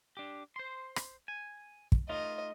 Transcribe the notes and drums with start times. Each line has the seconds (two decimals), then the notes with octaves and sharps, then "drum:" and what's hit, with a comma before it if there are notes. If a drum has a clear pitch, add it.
0.17 D4 G4
0.56 C5 C6
0.96 drum: rim click
1.28 G#5
1.92 drum: kick
2.09 A3 D#4 F4 D#5